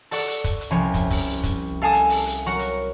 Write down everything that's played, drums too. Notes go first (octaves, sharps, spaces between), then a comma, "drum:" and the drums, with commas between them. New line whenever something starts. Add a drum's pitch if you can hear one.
A4 D5 F#5 C#6, drum: open hi-hat
drum: hi-hat
drum: kick, hi-hat
drum: hi-hat
C2 F3 C#4
drum: kick, hi-hat
drum: kick, open hi-hat
drum: kick, hi-hat
A4 F5 G#5 A5 D#6
drum: hi-hat
drum: open hi-hat
drum: hi-hat
F#3 F#4 A#4 F#5
drum: hi-hat